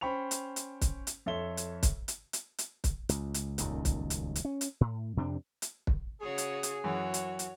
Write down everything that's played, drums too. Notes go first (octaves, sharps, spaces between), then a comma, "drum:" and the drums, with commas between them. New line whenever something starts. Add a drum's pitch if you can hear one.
C#4 C5 G5 B5 C#6 F7
drum: hi-hat
drum: hi-hat
drum: kick, hi-hat
drum: hi-hat
F2 A4 C#5 E5 C6 G7
drum: hi-hat
drum: kick, hi-hat
drum: hi-hat
drum: hi-hat
drum: hi-hat
drum: kick, hi-hat
C#2, drum: hi-hat
drum: hi-hat
D#1 C#2 F#2 D#3, drum: hi-hat
drum: kick, hi-hat
drum: hi-hat
drum: hi-hat
C#4
drum: hi-hat
A2
F2 C3 C4 D4
drum: hi-hat
drum: kick
C#3 F#4 G#4 C#5
drum: hi-hat
drum: hi-hat
F#2 E3 F#4 C#5
drum: hi-hat
drum: hi-hat